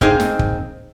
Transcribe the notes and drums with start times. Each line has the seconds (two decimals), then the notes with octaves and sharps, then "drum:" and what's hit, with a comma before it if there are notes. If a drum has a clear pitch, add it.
0.01 A#3 C4 D#4 G#4, drum: kick
0.20 drum: snare
0.39 drum: kick